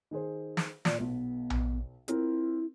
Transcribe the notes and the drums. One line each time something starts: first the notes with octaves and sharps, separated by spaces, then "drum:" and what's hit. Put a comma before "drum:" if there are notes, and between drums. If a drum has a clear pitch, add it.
D#3 G#4 C5
drum: snare
A#2 D5, drum: snare
B1 B3
drum: tom A#1
C4 E4 F4 A#4, drum: hi-hat